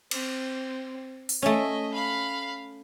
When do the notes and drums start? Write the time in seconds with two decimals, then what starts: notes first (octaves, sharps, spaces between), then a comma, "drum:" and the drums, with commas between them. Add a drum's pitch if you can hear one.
0.11 C4, drum: cymbal
1.29 drum: open hi-hat
1.42 A3 C#4 D#5 E5
1.94 F5 B5